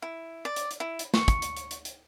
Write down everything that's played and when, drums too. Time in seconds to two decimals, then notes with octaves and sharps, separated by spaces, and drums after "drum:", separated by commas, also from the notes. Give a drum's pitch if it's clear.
0.02 E4
0.45 D5
0.56 drum: hi-hat
0.71 drum: hi-hat
0.80 E4
0.99 drum: hi-hat
1.14 C#6, drum: snare
1.28 drum: kick, hi-hat
1.42 drum: hi-hat
1.57 drum: hi-hat
1.71 drum: hi-hat
1.85 drum: hi-hat